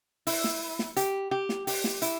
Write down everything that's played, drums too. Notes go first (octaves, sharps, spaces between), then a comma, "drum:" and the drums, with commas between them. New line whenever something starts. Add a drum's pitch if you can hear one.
E4, drum: open hi-hat
drum: snare
drum: snare
G4, drum: hi-hat
G4
drum: snare
G4, drum: open hi-hat
drum: snare
E4, drum: hi-hat